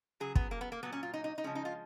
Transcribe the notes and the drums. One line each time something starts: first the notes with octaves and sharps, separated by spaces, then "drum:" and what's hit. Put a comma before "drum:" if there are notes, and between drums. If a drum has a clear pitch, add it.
C#3 F#3 G#4
B3, drum: kick
A#3
B3
A#3
A#2 F#3 B3
C#4
F4
D#4
D#4
D#4
C#3 F3 G#3 C#4
D#4
F4